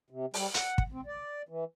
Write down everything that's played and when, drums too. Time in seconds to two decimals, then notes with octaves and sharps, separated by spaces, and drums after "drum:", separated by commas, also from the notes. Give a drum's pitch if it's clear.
0.10 C3
0.34 G3, drum: open hi-hat
0.54 F#5, drum: hi-hat
0.78 drum: kick
0.92 C4
1.06 D5
1.49 E3